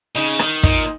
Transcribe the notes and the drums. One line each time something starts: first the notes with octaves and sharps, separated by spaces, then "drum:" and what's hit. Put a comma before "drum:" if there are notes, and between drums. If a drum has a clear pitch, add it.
C#3 D#4
D#3 D#4, drum: rim click
A#2 D#4, drum: kick